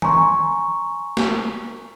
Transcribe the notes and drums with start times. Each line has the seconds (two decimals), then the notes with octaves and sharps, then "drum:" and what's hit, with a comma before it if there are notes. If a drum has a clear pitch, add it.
0.02 G#5 A#5 C6 C#6, drum: tom D#3
1.17 drum: snare